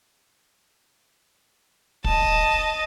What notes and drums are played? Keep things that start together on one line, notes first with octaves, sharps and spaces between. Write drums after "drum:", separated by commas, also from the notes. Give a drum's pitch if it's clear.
D#5 A5, drum: kick